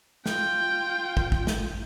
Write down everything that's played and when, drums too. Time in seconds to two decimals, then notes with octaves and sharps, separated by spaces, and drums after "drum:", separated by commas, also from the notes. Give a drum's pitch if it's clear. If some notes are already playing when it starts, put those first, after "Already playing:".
0.26 F4 G5, drum: snare
1.17 drum: kick
1.32 drum: kick
1.47 drum: snare